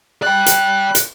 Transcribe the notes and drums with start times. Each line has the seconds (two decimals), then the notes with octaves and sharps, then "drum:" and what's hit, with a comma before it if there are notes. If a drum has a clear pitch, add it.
0.22 D5 G5 F#6
0.46 drum: hi-hat
0.95 drum: hi-hat